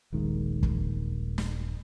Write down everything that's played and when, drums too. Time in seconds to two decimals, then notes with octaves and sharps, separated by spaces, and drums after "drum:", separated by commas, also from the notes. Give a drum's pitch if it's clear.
0.12 D#1 A#1 D#3 G#3
0.63 drum: kick
1.38 drum: snare